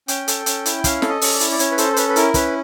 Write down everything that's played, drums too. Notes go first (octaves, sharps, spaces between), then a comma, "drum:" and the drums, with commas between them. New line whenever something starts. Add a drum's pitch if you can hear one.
C#4 G5, drum: hi-hat
A4, drum: hi-hat
C#4, drum: hi-hat
E4, drum: hi-hat
C#4 F5, drum: kick, hi-hat
A4, drum: snare
D#5
C#4, drum: open hi-hat
D5
E4, drum: hi-hat
D5
C#4 C#5, drum: hi-hat
B4
A4 C5, drum: hi-hat
C5
C#4 B4, drum: hi-hat
B4
E4 A#4, drum: hi-hat
C#4 B4, drum: kick, hi-hat